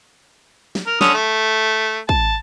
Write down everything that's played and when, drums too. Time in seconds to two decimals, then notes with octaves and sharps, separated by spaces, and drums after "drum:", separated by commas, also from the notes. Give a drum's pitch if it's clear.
0.75 drum: snare
0.87 A#4
1.01 D3 C#4 D#6, drum: snare
1.14 A3
2.09 A5, drum: kick